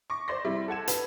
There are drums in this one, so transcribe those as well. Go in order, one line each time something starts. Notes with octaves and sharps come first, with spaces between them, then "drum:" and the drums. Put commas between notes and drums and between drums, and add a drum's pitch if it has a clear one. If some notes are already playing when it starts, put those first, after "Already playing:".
C#6 D6 A#6
C5 D5 C6 A#6
C3 G3 E4
A4 F#5 G#6 E7
A4 B4 F#5, drum: hi-hat